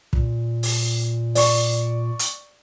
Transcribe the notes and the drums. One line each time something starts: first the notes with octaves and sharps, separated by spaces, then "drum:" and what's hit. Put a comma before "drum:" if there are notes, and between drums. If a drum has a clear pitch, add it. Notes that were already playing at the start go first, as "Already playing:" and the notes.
A#2, drum: kick
drum: open hi-hat
D5 C#6, drum: open hi-hat
drum: hi-hat